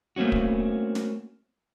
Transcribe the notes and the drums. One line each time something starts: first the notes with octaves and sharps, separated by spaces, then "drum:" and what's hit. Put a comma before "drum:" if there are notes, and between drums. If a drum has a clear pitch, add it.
A3 A#3 C4 C#4 F#4
drum: kick
drum: snare